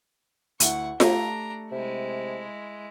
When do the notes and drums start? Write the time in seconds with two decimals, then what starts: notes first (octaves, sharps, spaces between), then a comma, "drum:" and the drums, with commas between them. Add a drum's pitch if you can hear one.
0.60 D2 E4 F#5 C#6, drum: hi-hat
1.00 A3 D4 G4 A4 A#5, drum: snare F4
1.71 C3 G#3 E4